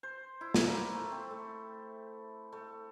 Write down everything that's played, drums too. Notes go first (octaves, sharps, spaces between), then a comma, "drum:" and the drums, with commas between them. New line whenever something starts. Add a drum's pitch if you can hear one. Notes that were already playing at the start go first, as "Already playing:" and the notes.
C5
E4
drum: snare
A#3
A3
C4
A3
A3